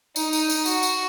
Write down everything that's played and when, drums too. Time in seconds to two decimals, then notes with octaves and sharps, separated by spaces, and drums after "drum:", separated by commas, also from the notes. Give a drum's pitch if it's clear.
0.16 D#4, drum: tambourine
0.33 drum: tambourine
0.50 drum: tambourine
0.66 F#4, drum: tambourine
0.83 drum: tambourine